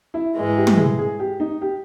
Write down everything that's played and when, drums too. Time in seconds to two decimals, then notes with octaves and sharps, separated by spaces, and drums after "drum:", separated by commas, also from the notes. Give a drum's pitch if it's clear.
0.14 E4
0.36 G#2 E3 G#3
0.57 G4
0.67 drum: tom
0.78 G#4
0.98 G#4
1.20 G4
1.40 D#4
1.61 G4